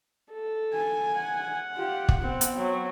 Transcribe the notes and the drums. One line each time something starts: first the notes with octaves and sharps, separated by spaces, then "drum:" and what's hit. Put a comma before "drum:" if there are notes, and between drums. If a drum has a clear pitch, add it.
A4
G#5
F#5
F4 G4
drum: kick
B3 C4
drum: hi-hat
F#3